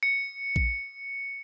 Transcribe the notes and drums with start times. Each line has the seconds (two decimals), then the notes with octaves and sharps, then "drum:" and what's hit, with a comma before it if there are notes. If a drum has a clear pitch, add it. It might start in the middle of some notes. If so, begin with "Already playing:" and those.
0.03 C#7
0.56 drum: kick A#1